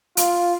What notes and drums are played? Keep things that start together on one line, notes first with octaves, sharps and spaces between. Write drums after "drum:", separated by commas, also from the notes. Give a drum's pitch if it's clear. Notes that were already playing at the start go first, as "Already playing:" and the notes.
F4, drum: hi-hat